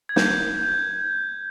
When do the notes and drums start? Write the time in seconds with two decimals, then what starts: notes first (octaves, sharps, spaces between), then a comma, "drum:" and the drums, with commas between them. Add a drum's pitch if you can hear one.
0.09 G#6
0.16 G6, drum: snare